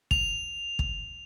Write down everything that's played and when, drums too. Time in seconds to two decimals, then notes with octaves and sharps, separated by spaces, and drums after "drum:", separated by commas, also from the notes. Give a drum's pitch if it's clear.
0.11 F7, drum: kick
0.79 drum: kick